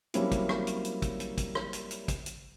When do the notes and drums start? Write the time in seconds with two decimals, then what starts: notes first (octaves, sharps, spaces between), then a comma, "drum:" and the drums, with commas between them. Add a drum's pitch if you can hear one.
0.14 F#3 G3 A#3 C4 C#4 E4, drum: hi-hat
0.32 drum: kick, hi-hat
0.49 drum: rim click
0.67 drum: hi-hat
0.85 drum: hi-hat
1.02 drum: kick, hi-hat
1.20 drum: hi-hat
1.38 drum: kick, hi-hat
1.55 drum: rim click
1.73 drum: hi-hat
1.91 drum: hi-hat
2.08 drum: kick, hi-hat
2.26 drum: hi-hat